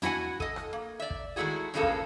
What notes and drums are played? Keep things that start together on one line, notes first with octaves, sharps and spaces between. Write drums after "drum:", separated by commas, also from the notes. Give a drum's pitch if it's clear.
D4 E4 F#4 E5 F#5 G#5, drum: tom
A4 D#5, drum: kick
drum: rim click
A#3
D5 E5
drum: kick
D#3 G#3 A3 E4 F#4 G#4
G2 C#3 F3 G#3 A#3 A4
drum: kick